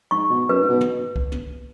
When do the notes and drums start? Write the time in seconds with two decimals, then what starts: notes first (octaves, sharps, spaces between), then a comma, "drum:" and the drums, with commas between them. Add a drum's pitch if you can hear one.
0.11 G#2 C#6
0.30 B2
0.49 F#2 B4
0.61 G#2
0.69 B2
0.81 drum: tom
1.16 drum: kick C2
1.32 drum: tom